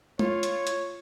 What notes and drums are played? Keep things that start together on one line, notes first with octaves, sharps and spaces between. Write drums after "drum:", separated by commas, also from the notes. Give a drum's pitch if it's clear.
F4 C#5, drum: tom G#3
drum: hi-hat
drum: hi-hat